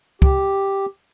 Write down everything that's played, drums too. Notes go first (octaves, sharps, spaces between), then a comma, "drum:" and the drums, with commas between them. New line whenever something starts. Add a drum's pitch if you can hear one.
G4, drum: kick C#2